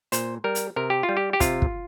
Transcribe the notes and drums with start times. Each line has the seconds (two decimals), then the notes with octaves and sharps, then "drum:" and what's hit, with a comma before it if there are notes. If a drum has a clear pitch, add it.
0.12 A#2 C5, drum: hi-hat
0.44 G3 A#4
0.55 drum: hi-hat
0.76 C3 A#4
0.90 G4
1.03 F4
1.09 G3
1.17 G4
1.33 G4
1.40 C3 F4, drum: kick, hi-hat
1.62 drum: kick